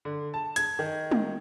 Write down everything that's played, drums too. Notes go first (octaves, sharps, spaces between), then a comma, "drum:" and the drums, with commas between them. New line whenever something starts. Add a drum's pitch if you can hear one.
D3
A5
G#6, drum: hi-hat
D#3
drum: tom